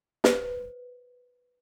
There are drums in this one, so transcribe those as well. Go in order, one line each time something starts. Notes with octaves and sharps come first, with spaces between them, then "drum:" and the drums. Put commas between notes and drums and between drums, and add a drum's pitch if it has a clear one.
B4 C5, drum: snare